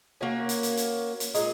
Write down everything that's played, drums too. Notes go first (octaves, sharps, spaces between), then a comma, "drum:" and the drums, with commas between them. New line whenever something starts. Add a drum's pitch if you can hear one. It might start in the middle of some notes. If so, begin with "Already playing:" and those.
A#3 C#4 F#4 C#5
drum: hi-hat
drum: hi-hat
drum: hi-hat
drum: hi-hat
A#2 G#3 D#4, drum: hi-hat